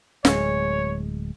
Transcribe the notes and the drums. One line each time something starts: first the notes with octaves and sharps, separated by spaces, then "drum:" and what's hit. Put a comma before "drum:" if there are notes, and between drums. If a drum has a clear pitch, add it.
D1 G#3 C#5, drum: snare